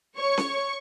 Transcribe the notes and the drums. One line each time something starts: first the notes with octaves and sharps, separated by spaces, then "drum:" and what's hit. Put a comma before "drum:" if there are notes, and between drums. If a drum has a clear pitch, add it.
C#5 C#6
drum: snare C#4